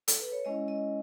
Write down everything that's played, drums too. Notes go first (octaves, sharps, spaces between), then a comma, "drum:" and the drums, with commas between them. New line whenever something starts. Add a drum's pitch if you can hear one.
A4, drum: hi-hat
B4
C#5
G#3 C#4 E4 D#5
D#5